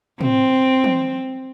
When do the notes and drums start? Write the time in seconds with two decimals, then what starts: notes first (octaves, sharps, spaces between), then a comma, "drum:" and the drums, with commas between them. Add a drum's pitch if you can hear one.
0.21 C4, drum: tom
0.84 drum: tom